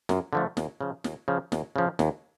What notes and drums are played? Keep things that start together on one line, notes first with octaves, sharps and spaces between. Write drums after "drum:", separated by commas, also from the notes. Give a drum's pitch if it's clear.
F#2, drum: snare
D3 F3 A3
D#2, drum: snare
C#3 F3
D#2, drum: snare
C#3 F3
D#2, drum: snare
C#3 F3
D#2, drum: snare